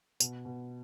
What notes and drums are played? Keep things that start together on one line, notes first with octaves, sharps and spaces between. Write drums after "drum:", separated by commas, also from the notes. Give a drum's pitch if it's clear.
B2, drum: tambourine
B2